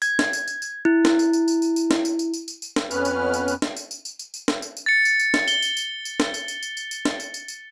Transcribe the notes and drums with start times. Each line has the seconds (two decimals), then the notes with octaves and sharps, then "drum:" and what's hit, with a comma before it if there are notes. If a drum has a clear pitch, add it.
0.02 G#6, drum: tambourine
0.19 drum: snare
0.33 drum: tambourine
0.48 drum: tambourine
0.62 drum: tambourine
0.85 E4
1.05 drum: snare
1.19 drum: tambourine
1.33 drum: tambourine
1.48 drum: tambourine
1.62 drum: tambourine
1.76 drum: tambourine
1.91 drum: snare
2.05 drum: tambourine
2.19 drum: tambourine
2.34 drum: tambourine
2.48 drum: tambourine
2.62 drum: tambourine
2.76 drum: snare
2.91 F2 B3 C#4 B4 F6, drum: tambourine
3.05 drum: tambourine
3.34 drum: tambourine
3.48 drum: tambourine
3.62 drum: snare
3.77 drum: tambourine
3.91 drum: tambourine
4.05 drum: tambourine
4.19 drum: tambourine
4.34 drum: tambourine
4.48 drum: snare
4.62 drum: tambourine
4.77 drum: tambourine
4.86 A6 C#7
5.05 drum: tambourine
5.20 drum: tambourine
5.34 drum: snare
5.48 G7, drum: tambourine
5.62 drum: tambourine
5.77 drum: tambourine
6.05 drum: tambourine
6.20 drum: snare
6.34 drum: tambourine
6.48 drum: tambourine
6.63 drum: tambourine
6.77 drum: tambourine
6.91 drum: tambourine
7.05 drum: snare
7.20 drum: tambourine
7.34 drum: tambourine
7.48 drum: tambourine